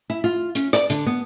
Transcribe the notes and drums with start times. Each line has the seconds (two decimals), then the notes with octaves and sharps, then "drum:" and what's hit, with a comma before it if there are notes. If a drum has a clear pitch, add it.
0.10 E4
0.24 F4
0.55 C#4, drum: hi-hat
0.73 D5, drum: rim click
0.90 D3, drum: hi-hat
1.06 B3